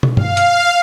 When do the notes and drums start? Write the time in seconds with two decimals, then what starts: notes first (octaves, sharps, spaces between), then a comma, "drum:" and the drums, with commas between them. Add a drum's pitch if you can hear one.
0.03 drum: tom
0.17 F5, drum: tom G2
0.37 drum: hi-hat